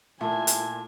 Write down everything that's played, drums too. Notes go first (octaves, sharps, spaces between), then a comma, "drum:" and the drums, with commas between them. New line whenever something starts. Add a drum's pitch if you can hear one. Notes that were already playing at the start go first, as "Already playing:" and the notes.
A#2 A3 E4 G#5 A5
drum: hi-hat